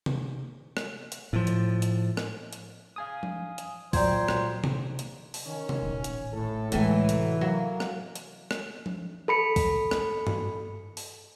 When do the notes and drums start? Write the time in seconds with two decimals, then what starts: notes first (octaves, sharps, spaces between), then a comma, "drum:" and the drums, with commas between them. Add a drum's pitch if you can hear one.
0.06 drum: tom C3
0.77 drum: rim click
1.12 drum: hi-hat
1.33 A2 F3
1.47 drum: hi-hat
1.82 drum: hi-hat
2.17 drum: rim click
2.53 drum: hi-hat
2.96 F5 G#5 D#6
3.23 drum: tom F3
3.58 drum: hi-hat
3.93 A#2 F#3 F4 C5 D5 G5 A#5 G#6, drum: kick, open hi-hat
4.28 drum: rim click
4.64 drum: tom C3
4.99 drum: hi-hat
5.34 drum: open hi-hat
5.46 D#3 C#4
5.69 drum: tom C3
5.82 D#1 A1
6.04 drum: hi-hat
6.33 A2 A4
6.72 A2 D3 E3 F#3 G#3 A4 G#5, drum: hi-hat
7.09 C3, drum: hi-hat
7.41 F#3 A#3
7.80 drum: rim click
8.15 drum: hi-hat
8.51 drum: rim click
8.86 drum: tom F3
9.28 A4 B5 C#7
9.56 drum: kick, open hi-hat
9.91 drum: rim click
10.27 drum: tom G2
10.97 drum: open hi-hat